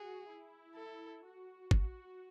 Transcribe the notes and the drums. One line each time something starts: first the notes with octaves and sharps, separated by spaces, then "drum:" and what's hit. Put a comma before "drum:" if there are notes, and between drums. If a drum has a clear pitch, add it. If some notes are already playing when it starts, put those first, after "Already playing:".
Already playing: F#4 G#4
E4
A4
F#4
drum: kick